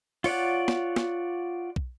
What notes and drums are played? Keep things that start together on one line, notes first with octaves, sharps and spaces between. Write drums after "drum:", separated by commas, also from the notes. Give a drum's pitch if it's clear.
F4 C#5 D5 F#5, drum: open hi-hat
drum: snare
drum: snare
drum: kick